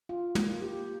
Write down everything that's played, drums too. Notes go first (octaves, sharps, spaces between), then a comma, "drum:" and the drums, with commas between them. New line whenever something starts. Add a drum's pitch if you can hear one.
F4
A#3, drum: tom
G4